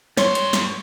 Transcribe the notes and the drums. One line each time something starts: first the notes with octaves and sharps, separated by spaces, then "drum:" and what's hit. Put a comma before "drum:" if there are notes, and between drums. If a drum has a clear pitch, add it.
G2 C#5 C6, drum: snare
drum: hi-hat
drum: snare